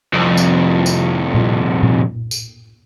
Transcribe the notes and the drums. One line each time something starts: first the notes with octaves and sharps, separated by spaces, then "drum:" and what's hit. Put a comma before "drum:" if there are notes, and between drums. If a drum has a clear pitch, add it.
C2 F2
drum: tambourine
drum: tambourine
drum: tom A#2
drum: tom A#2
drum: tambourine